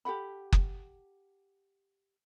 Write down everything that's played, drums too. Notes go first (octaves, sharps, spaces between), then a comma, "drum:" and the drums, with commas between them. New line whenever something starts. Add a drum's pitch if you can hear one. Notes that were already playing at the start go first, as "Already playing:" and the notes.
G4 A4 F#5 B5
drum: kick F#1